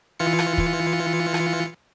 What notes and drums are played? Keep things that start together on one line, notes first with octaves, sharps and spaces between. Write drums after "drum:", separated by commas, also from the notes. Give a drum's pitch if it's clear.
E3 F4 C#7
drum: rim click
drum: kick
drum: rim click